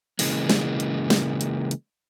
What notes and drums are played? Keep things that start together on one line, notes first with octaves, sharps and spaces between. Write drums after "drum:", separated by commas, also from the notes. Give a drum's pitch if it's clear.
C#3 E3 G#3 A#3, drum: open hi-hat
drum: snare
drum: hi-hat
drum: snare
drum: hi-hat
drum: hi-hat